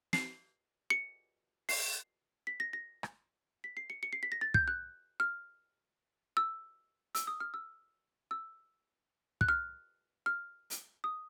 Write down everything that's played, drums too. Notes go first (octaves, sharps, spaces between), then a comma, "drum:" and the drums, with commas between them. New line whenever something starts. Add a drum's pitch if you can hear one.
C7, drum: snare
C#7
C7, drum: open hi-hat
B6
A#6
A#6
drum: rim click
B6
C7
C#7
C#7
C7
B6
A#6
A6
G6, drum: kick
F#6
F6
E6
E6, drum: hi-hat
D#6
F6
E6
E6
F#6, drum: kick
F6
F6
drum: hi-hat
D#6